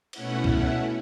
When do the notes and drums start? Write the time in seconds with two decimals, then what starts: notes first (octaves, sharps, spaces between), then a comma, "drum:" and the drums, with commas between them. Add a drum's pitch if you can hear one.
0.13 B2 A3 C#4 E4 F#5, drum: cymbal
0.44 F#5, drum: kick C#2